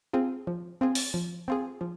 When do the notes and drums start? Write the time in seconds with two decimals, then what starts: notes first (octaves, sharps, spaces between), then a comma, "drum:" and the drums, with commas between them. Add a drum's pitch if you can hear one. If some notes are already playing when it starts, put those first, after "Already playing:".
0.13 C4 F4 G#4
0.47 F3
0.81 C4 F4 G#4
0.95 drum: open hi-hat
1.14 F3
1.48 C4 F4 G#4
1.81 F3